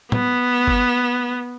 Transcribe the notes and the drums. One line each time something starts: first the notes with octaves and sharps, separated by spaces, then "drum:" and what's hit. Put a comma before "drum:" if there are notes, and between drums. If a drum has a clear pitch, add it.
B3, drum: tom
drum: kick G1